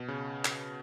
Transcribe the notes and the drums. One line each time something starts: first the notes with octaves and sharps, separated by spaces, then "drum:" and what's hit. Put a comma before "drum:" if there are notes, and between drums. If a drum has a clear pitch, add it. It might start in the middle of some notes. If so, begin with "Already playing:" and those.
Already playing: B2
C#3
drum: clap